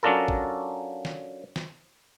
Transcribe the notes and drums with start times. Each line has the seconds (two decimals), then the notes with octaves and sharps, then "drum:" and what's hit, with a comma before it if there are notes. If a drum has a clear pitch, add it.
0.03 F#3 C#4 D4 F4 A4 A#4
0.28 drum: kick
1.05 drum: snare
1.56 drum: snare